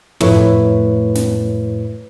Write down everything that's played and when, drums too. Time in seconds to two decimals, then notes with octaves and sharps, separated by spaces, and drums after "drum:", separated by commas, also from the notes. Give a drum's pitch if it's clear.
0.20 F2 A2 A3 E4 B4 C#5, drum: tom
1.15 drum: snare